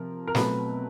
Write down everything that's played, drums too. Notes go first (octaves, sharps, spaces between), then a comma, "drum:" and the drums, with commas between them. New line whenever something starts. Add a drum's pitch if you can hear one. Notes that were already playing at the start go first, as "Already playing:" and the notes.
Already playing: C3 F3 A#4
A#4
B2 F#3 A3 C4 B4, drum: snare